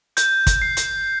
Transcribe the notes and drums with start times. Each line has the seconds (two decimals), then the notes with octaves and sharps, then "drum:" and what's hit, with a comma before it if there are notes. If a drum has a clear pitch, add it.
0.17 G6, drum: hi-hat
0.47 drum: kick, hi-hat
0.62 C7
0.77 drum: hi-hat